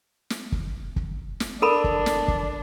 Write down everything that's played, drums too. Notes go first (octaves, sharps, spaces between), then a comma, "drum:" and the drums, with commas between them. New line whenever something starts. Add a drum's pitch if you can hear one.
drum: snare
drum: kick
drum: kick
drum: snare
D4 A4 A#4 B5
drum: kick
drum: snare
drum: kick